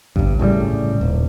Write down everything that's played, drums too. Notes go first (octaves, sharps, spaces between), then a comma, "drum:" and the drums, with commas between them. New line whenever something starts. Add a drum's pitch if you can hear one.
G1 G2, drum: kick A1
A2 C#3 F#3 G3
D#1